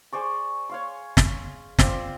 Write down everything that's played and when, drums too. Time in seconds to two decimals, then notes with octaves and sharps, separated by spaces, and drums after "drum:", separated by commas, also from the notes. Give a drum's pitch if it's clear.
0.12 G#4 C5 D5 C#6
0.69 C#5 F5 C6
1.17 drum: snare
1.79 C4 F4 C5 D5, drum: snare